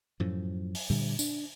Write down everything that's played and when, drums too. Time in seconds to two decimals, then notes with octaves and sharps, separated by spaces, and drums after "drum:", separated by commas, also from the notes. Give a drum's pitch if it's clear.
0.20 F#2 A2 F3
0.75 drum: open hi-hat
0.90 A#2 D3 G3
1.19 D4, drum: tambourine